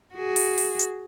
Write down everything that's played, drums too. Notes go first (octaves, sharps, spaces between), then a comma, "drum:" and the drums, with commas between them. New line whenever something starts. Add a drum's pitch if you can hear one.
F#4 G#4
drum: open hi-hat
drum: open hi-hat
drum: hi-hat